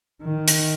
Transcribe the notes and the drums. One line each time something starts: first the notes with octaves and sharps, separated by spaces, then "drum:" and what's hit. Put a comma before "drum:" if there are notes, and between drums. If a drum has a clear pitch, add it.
D#3
drum: hi-hat